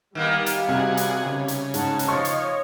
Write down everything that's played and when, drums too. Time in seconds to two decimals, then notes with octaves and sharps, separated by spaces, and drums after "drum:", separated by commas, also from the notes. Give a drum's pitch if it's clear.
0.15 D#3 G3 A#3 B3
0.46 drum: hi-hat
0.68 C3 F#4 G#4
0.97 drum: hi-hat
1.26 C#3
1.48 drum: hi-hat
1.74 G#2 D#4 F#5 A5, drum: hi-hat
1.99 drum: hi-hat
2.08 F3 C#5 D#5 C#6
2.25 drum: hi-hat